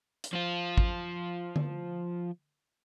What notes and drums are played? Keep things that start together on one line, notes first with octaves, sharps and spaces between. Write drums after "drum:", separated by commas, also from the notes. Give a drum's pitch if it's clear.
drum: hi-hat
F3 F4
drum: kick
drum: tom D3